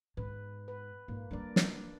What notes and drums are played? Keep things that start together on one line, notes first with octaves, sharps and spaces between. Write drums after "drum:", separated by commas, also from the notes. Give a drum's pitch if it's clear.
G#2 B4
B4
G#2 A#3
G3 A#3 D4 A#4 D5
D4, drum: snare